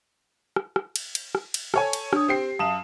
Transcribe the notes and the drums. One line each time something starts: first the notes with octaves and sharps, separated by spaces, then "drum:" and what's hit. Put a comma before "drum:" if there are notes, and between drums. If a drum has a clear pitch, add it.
drum: rim click
drum: rim click
drum: cymbal
drum: cymbal
drum: rim click
drum: cymbal
A4 C#5 G#5, drum: rim click
drum: cymbal
D4 D#6, drum: rim click
C4 G4 G5 C7
F#2 F5 A5 D#6 E7